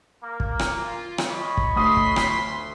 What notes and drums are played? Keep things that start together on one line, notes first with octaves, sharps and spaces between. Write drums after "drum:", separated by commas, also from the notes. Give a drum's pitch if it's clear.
A#3
drum: kick
drum: rim click
F4
drum: rim click
C#5 D#5 B5
drum: kick
D2 C6 D#6 B6
drum: kick
drum: rim click